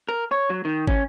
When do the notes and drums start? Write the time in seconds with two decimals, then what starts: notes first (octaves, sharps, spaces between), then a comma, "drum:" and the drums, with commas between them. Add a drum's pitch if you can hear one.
0.09 A#4
0.31 C#5
0.50 F#3
0.65 D#3
0.87 C#4, drum: kick